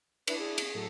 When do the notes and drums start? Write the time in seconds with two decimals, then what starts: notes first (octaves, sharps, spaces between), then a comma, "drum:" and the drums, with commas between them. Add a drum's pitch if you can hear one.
0.27 D4 E4 B4 D5, drum: cymbal
0.39 G#4
0.58 drum: cymbal
0.74 A2 F#3 A4